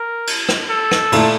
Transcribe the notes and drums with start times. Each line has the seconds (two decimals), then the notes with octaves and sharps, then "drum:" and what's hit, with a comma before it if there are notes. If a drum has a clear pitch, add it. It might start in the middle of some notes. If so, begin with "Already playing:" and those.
Already playing: A#4
0.27 drum: cymbal
0.49 drum: rim click
0.70 A4
0.91 drum: rim click
1.12 A#2 A3 E4, drum: cymbal